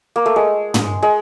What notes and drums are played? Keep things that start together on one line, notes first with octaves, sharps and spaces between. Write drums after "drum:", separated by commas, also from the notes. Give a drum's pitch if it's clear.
A#3
A3
G#3
drum: tom
G#3